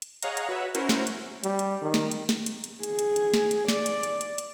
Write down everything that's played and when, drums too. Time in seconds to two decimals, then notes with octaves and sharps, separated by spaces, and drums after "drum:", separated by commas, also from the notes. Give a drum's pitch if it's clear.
0.02 drum: hi-hat
0.23 G#4 C#5 D#5 F5 F#5 A#5, drum: hi-hat
0.37 drum: hi-hat
0.49 F#4 B4 C#5 E5
0.75 C#4 E4 F#4 A#4 C5, drum: hi-hat
0.89 drum: snare
1.07 drum: hi-hat
1.44 G3, drum: hi-hat
1.59 drum: hi-hat
1.82 D#3
1.94 drum: snare
2.11 drum: hi-hat
2.29 drum: snare
2.46 drum: hi-hat
2.64 drum: hi-hat
2.83 G#4, drum: hi-hat
2.99 drum: hi-hat
3.16 drum: hi-hat
3.34 drum: snare
3.51 drum: hi-hat
3.68 D5, drum: snare
3.86 drum: hi-hat
4.03 drum: hi-hat
4.21 drum: hi-hat
4.38 drum: hi-hat